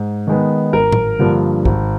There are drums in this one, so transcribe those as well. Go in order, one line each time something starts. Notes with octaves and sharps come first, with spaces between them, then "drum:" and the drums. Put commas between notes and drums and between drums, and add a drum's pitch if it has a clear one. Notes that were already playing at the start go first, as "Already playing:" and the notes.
Already playing: G#2
D#3 G#3 B3
G#1 A#4
drum: tom A2
G2 D3 F3 A#3
G#1, drum: kick